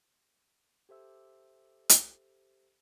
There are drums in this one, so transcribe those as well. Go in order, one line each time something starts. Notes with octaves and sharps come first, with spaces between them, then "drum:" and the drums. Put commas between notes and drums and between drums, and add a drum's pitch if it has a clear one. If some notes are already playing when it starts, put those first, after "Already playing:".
G4 A4 C5 E5 E6
drum: hi-hat